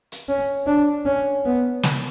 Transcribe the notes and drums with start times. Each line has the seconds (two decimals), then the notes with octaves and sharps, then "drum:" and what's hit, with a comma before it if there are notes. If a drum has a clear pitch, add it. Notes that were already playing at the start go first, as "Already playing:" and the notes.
0.12 drum: hi-hat
0.29 C#4
0.67 D4
1.05 C#4
1.45 B3
1.83 drum: snare